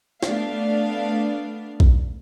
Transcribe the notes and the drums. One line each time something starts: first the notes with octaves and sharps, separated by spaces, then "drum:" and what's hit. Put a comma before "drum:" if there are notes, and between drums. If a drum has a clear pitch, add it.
A3 B3 D4 F5, drum: snare
drum: kick A#1